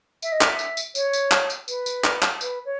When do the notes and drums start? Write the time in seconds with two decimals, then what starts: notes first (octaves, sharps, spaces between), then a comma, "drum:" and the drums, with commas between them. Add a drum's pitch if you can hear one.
0.22 E5, drum: tambourine
0.31 D#5
0.41 E5, drum: clap
0.59 drum: tambourine
0.77 drum: tambourine
0.95 C#5, drum: tambourine
1.13 drum: tambourine
1.32 drum: clap
1.50 drum: tambourine
1.68 B4, drum: tambourine
1.86 drum: tambourine
2.04 drum: clap
2.23 drum: clap
2.41 B4, drum: tambourine
2.65 C#5